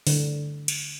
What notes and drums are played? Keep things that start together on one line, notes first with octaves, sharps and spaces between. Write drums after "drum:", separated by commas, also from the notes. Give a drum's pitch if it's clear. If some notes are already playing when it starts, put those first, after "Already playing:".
D3, drum: open hi-hat
drum: cymbal